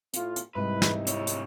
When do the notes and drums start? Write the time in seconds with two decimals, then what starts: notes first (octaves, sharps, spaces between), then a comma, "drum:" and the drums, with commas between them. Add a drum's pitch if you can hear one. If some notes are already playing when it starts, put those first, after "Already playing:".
0.14 A2 F4, drum: hi-hat
0.36 drum: hi-hat
0.55 C2 G#2 C3 G3 D#4 E4 B4
0.82 drum: snare
1.07 D2 C#5, drum: hi-hat
1.27 drum: hi-hat